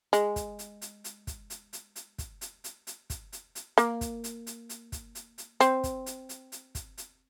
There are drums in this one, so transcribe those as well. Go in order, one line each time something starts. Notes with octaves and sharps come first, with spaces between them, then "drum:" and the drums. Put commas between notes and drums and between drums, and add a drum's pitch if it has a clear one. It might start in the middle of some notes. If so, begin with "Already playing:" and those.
G#3, drum: hi-hat
drum: kick, hi-hat
drum: hi-hat
drum: hi-hat
drum: hi-hat
drum: kick, hi-hat
drum: hi-hat
drum: hi-hat
drum: hi-hat
drum: kick, hi-hat
drum: hi-hat
drum: hi-hat
drum: hi-hat
drum: kick, hi-hat
drum: hi-hat
drum: hi-hat
A#3, drum: hi-hat
drum: kick, hi-hat
drum: hi-hat
drum: hi-hat
drum: hi-hat
drum: kick, hi-hat
drum: hi-hat
drum: hi-hat
C4, drum: hi-hat
drum: kick, hi-hat
drum: hi-hat
drum: hi-hat
drum: hi-hat
drum: kick, hi-hat
drum: hi-hat